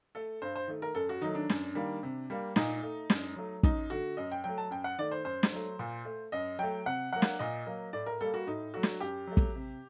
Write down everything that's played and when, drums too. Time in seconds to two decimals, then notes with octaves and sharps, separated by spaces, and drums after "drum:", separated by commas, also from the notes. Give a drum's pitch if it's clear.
0.15 A3 A4
0.42 G2 C5
0.56 C5
0.68 D#3 A3
0.82 A#4
0.95 F#2 A4
1.09 F#4
1.21 D#3 F#3 A3 D#4
1.35 D4
1.50 F#2, drum: snare
1.75 D#3 G3 A#3
2.03 C3
2.30 G3 A#3
2.56 A#2 D#4, drum: snare
2.83 A3
3.10 F#2, drum: snare
3.36 F#3 A3
3.63 F#2 D#4, drum: kick
3.90 D3 A3 F#4
4.17 F#2 D#5
4.32 G5
4.44 F#3 A3 G5
4.58 A5
4.71 F#2 G5
4.84 F#5
4.99 D#3 A3 D5
5.11 C5
5.24 F#2 C5
5.43 drum: snare
5.52 F#3 A3
5.79 A#2
6.05 A3
6.32 F#2 D#5
6.59 F#3 A3 G5
6.86 C3 F#5
7.13 F#3 A#3 F#5
7.22 drum: snare
7.39 A#2 D#5
7.67 F#3 A#3
7.93 A2 D5
8.06 A#4
8.21 G3 A#3 A4
8.34 F#4
8.47 A2 D#4
8.74 F#3 A3 F#4
8.83 drum: snare
9.00 F#2 G4
9.27 F#3 A3
9.37 drum: kick
9.55 C3